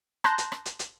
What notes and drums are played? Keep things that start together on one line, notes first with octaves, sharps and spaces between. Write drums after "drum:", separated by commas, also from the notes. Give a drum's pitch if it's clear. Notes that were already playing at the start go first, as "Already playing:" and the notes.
A5 A#5 C6 F#6 G6 A#6, drum: rim click
drum: hi-hat
drum: rim click
drum: hi-hat
drum: hi-hat